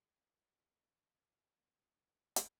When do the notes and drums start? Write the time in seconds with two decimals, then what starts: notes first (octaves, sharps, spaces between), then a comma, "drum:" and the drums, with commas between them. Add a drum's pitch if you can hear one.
0.13 B3 G#4 B4 D6
2.36 drum: hi-hat